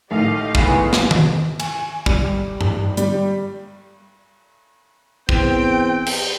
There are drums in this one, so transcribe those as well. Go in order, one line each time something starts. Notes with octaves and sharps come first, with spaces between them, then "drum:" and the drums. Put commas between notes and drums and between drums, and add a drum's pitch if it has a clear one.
A1 D#3 A3 G4 D#5 F5
C#3 E3 G#3 B3, drum: kick
drum: snare
drum: tom D#3
G#5, drum: cymbal
G3, drum: kick
drum: tom G2
G3, drum: hi-hat
E2 C4 G5, drum: kick
drum: cymbal